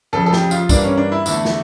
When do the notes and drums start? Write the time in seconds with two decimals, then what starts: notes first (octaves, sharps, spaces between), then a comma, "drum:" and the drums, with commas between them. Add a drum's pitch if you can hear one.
0.13 F2 C#3 F3 A4
0.26 A4
0.33 G4, drum: snare
0.51 F4, drum: tambourine
0.69 G2 E3 G3 A#3 D4, drum: kick, tambourine
0.84 C#4
0.97 D4
1.12 E4
1.26 E2 D3 A3 E4, drum: tambourine
1.45 drum: snare